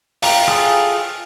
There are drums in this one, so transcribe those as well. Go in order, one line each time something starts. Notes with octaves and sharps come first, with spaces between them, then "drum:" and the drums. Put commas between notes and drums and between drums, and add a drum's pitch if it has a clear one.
F5 G5 A#5, drum: open hi-hat
F4 G#4 A4